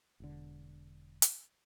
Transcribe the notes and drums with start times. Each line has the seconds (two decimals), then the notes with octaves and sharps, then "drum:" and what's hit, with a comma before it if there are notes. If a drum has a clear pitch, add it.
0.20 E1 D3
1.22 drum: hi-hat